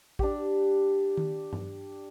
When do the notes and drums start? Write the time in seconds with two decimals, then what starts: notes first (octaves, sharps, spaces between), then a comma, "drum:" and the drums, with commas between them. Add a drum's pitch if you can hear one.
0.19 D4 G4, drum: kick A1
1.17 drum: tom D#3
1.53 drum: tom G2